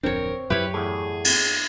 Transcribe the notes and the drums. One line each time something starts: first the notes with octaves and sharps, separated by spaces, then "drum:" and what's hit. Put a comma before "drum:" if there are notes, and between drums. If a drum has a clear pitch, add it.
D1 F2 C4 D4 A#4 C#5
F#2 F#3 E4 G4 B4 C#5
E2 A2 G#4
drum: cymbal